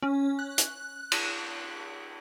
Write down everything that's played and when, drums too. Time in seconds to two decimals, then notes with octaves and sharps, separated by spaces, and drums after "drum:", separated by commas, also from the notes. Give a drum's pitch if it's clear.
0.02 C#4
0.39 F#6
0.58 drum: hi-hat
1.12 drum: cymbal